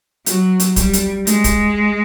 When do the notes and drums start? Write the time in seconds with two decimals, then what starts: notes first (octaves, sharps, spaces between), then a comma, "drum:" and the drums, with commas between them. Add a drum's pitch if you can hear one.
0.26 F#3, drum: hi-hat
0.60 drum: hi-hat
0.76 G3, drum: kick, hi-hat
0.93 drum: hi-hat
1.27 G#3, drum: hi-hat
1.44 drum: kick, hi-hat